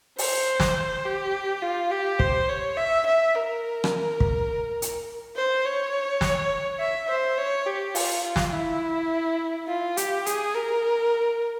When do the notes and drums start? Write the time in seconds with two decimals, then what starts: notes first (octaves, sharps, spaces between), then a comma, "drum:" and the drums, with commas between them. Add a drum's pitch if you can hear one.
0.18 C5, drum: open hi-hat
0.60 drum: snare
1.05 G4
1.62 F4
1.91 G4
2.19 C5, drum: kick
2.49 C#5
2.77 E5
3.06 E5
3.35 A#4
3.84 drum: rim click
4.20 drum: kick
4.82 drum: hi-hat
5.36 C5
5.65 C#5
6.21 drum: snare
6.80 E5
7.09 C5
7.38 C#5
7.67 G4
7.95 F4, drum: open hi-hat
8.24 F4
8.36 drum: snare
8.53 E4
9.68 F4
9.97 G4, drum: hi-hat
10.26 G#4, drum: hi-hat
10.55 A#4